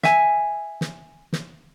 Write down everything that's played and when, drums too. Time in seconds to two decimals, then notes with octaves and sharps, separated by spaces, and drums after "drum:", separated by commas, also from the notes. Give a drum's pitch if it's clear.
0.03 E5 G#5, drum: snare
0.81 drum: snare
1.33 drum: snare